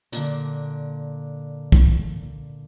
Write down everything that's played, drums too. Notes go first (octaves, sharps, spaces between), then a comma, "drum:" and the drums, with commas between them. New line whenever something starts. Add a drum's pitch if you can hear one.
A#2 D3, drum: hi-hat
drum: kick